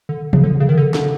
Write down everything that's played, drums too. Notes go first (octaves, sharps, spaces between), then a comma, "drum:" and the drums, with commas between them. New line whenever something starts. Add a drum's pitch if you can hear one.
D3
C#3, drum: tom E3
D3
C#3
D#3
D3
D3, drum: snare